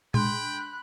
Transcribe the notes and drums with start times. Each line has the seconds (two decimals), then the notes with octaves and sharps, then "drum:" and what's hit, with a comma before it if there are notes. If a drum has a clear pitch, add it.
0.14 G#3 D4 G5 B5 C6 F#6, drum: tom A#2